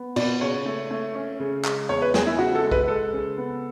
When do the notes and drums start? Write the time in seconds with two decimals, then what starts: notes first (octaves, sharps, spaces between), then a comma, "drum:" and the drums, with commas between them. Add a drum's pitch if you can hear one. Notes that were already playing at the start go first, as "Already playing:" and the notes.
Already playing: B3
0.16 B2 D5, drum: cymbal
0.41 C#3 C#5
0.66 A3
0.91 A3
1.15 C#4
1.40 C#3
1.64 G#3, drum: clap
1.89 E2 C#5
2.02 B4
2.14 E2 G#4, drum: snare
2.26 E4
2.38 C#3 F#4
2.55 A4
2.63 G#3
2.72 B4, drum: kick
2.88 G#3 A4
3.13 C#3
3.37 B3